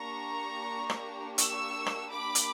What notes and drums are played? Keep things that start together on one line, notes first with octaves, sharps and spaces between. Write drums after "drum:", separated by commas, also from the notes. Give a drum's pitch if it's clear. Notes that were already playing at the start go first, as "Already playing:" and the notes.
Already playing: A#3 D4 G4 A#5 C#6
drum: rim click
C#6 E6, drum: hi-hat
drum: rim click
B5 D6
drum: hi-hat